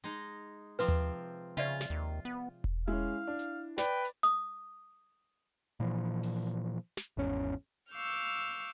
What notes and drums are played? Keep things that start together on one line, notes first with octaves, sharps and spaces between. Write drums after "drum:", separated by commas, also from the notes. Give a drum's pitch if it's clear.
G#3 D#4
C3 F3 C4 B4
drum: tom D#2
C#3 F4 D5 E5 F5
drum: snare
D#2
B3
drum: kick E1
G#3 C#4 E4 F5
D4
drum: hi-hat
B4 D5 G5, drum: snare
drum: hi-hat
D#6, drum: hi-hat
A#2 E3 F3
drum: open hi-hat
drum: snare
G#1 E2 C#4
F5 C#6 D6 E6 F6 G6